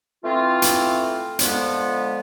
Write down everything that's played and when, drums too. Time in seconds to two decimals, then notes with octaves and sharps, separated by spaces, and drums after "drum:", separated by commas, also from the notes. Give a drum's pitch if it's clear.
0.24 E3 A3 C4 F4
0.62 drum: hi-hat
1.39 D3 F3 G#3 B3, drum: hi-hat